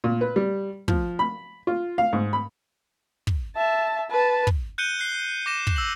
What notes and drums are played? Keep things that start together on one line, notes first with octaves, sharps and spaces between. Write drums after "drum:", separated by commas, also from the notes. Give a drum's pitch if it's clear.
A#2
B4
G3
F3, drum: kick
B5
F4
F5
G#2
B5
drum: kick
E5 A5
B4 A5
drum: kick
F#6 G6 C#7 D#7 G7
F#6 C7 G7
D6 A#6 E7
drum: kick
E6 F#7